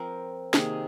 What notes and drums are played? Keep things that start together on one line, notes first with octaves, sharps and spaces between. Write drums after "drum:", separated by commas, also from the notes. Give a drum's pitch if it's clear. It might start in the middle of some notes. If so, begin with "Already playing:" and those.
Already playing: F3 C4 A#4
C3 D#3 A#3 G#4, drum: snare